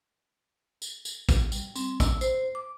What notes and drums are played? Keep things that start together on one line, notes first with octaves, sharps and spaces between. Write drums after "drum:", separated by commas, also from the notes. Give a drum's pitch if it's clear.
drum: tambourine
drum: tambourine
drum: kick A1, tambourine
G3, drum: tambourine
C4, drum: tambourine
E6, drum: kick A1, tambourine
C5, drum: tambourine
D6